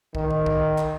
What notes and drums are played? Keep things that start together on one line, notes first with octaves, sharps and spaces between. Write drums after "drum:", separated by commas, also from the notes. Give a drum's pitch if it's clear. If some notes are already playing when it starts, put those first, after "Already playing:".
D#3, drum: kick
drum: tom A2
drum: kick
drum: clap